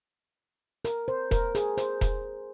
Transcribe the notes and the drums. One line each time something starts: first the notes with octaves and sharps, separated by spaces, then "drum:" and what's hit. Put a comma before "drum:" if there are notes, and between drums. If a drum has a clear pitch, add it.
A#4, drum: hi-hat
C5
A#4, drum: kick E1, hi-hat
G#4, drum: hi-hat
C5, drum: hi-hat
drum: kick E1, hi-hat